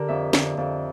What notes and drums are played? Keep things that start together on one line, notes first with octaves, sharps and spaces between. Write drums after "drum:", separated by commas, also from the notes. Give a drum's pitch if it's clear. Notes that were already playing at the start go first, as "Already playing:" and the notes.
Already playing: D3 G4 A#4
F2 E5
D3, drum: snare
F2